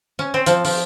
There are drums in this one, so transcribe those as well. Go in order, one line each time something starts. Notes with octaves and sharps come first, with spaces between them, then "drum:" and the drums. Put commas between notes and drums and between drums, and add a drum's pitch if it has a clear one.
C#4
C4
F3, drum: hi-hat
F3, drum: open hi-hat